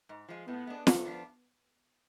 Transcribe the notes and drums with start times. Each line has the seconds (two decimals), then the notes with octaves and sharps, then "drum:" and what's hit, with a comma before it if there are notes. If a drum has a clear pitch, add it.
0.09 G#2
0.28 F3 G#3
0.47 A2 B3
0.67 G#3 D4
0.87 D3, drum: snare
1.05 F3 B3 D4